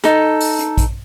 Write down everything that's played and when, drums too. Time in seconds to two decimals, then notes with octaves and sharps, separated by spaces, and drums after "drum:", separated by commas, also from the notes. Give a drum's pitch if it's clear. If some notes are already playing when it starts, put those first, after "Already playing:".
0.04 D#4 A4, drum: hi-hat
0.41 drum: open hi-hat
0.59 drum: hi-hat
0.78 drum: kick A#1, hi-hat